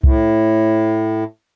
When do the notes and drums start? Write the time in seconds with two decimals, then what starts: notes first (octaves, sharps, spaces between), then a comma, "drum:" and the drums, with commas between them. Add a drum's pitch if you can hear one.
0.03 A2, drum: kick C2